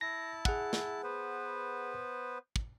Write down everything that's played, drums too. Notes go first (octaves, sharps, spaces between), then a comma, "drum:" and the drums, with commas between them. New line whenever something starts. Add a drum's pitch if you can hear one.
E4 A5 A#6
G#4 F#5, drum: kick
drum: snare
B3 B4 C5
drum: kick